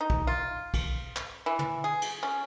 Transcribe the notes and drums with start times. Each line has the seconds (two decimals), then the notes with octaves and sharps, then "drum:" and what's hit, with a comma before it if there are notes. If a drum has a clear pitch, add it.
0.01 D#4
0.10 drum: kick B1
0.27 F4
0.74 drum: kick B1, cymbal
1.16 drum: clap
1.46 E3
1.59 drum: tom
1.84 G#4
2.01 drum: cymbal
2.23 C#4